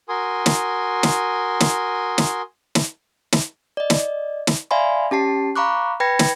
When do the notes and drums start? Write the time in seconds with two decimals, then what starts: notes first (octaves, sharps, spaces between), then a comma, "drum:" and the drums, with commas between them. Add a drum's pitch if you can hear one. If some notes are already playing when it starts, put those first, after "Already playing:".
0.09 F#4 A#4 G#5 C6 D#6
0.46 drum: snare
1.03 drum: snare
1.60 drum: snare
2.18 drum: snare
2.75 drum: snare
3.32 drum: snare
3.77 D5 D#5
3.90 drum: snare
4.47 drum: snare
4.71 D5 E5 F5 G#5 B5 C6
5.11 C#4 G4 A5 C7
5.56 F5 A#5 B5 C#6 D6 F#6
6.00 B4 G5 B5 G#6 A#6 C#7
6.19 drum: snare